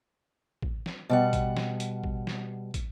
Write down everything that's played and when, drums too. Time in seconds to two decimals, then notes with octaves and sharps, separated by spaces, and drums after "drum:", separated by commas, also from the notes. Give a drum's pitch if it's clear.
0.62 drum: kick
0.86 drum: snare
1.09 B2 G3 F#5
1.33 drum: kick, hi-hat
1.57 drum: snare
1.80 drum: hi-hat
2.04 drum: kick
2.27 drum: snare
2.74 drum: kick, hi-hat